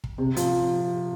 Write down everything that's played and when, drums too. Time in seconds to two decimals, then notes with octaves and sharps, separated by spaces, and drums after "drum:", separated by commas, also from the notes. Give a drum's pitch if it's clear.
0.04 drum: kick
0.18 C3
0.36 F3, drum: hi-hat